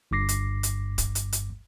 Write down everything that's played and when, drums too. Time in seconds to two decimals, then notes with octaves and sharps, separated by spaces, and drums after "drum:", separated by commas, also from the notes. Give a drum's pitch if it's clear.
0.11 G1 G2 D6 A#6 C7
0.29 drum: hi-hat
0.63 drum: hi-hat
0.98 drum: kick D1, hi-hat
1.15 drum: hi-hat
1.33 drum: hi-hat